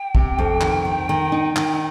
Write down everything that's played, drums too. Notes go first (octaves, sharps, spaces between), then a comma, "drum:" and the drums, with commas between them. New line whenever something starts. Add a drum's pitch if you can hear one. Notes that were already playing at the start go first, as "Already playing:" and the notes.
Already playing: G5
C3, drum: kick
F2
D#3, drum: clap
D#3
D#3
D#4
D#3, drum: clap